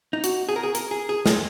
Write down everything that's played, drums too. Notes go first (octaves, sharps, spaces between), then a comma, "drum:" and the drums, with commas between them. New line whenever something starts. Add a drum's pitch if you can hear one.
D#4
F#4, drum: hi-hat
G#4
A#4
G#4
A#4, drum: hi-hat
G#4
G#4
G#3, drum: snare